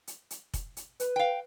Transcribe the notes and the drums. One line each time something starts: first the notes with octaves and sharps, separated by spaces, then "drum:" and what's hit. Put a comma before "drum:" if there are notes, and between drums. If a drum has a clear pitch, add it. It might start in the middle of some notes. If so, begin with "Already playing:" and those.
drum: hi-hat
drum: hi-hat
drum: kick F1, hi-hat
drum: hi-hat
B4, drum: hi-hat
F5 G5